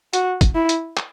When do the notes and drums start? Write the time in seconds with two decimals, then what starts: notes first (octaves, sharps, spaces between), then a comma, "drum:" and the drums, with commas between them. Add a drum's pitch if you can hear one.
0.13 F#4, drum: hi-hat
0.41 drum: kick, hi-hat
0.55 E4
0.69 drum: hi-hat
0.97 drum: clap